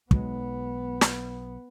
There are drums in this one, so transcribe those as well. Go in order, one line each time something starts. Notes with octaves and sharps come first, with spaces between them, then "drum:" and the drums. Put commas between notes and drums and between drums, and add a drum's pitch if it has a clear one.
B1 F#3 G#3 B3, drum: kick
drum: snare